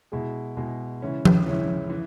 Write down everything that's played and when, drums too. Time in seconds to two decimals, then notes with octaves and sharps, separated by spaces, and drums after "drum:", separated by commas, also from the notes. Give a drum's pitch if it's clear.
0.12 B2 G#3 E4 G#4
0.57 B2 G#3 E4 G#4
1.01 C#3 E3 G#3 C#4 E4
1.25 drum: tom F3
1.46 C#3 E3 G#3 C#4 E4
1.90 E3